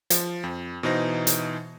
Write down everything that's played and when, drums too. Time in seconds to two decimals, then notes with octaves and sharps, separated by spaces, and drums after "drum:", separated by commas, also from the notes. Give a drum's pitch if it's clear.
0.10 F3, drum: hi-hat
0.44 F2
0.83 B2 E3 D#4 C5 A#6
1.27 drum: hi-hat